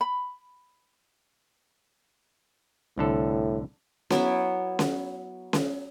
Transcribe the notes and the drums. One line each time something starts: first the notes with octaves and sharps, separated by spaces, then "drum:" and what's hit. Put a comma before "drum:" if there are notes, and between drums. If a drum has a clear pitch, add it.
B5
C2 A2 D3 A4
F#3 B3 E4 E5, drum: snare C#4
drum: snare C#4
drum: snare C#4